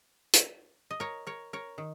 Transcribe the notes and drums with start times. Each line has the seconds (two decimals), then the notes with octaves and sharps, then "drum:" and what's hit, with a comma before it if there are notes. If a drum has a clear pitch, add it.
0.33 drum: hi-hat
0.91 D#5
1.00 A#4 C#5
1.27 A#4 C#5
1.53 A#4 C#5
1.78 D#3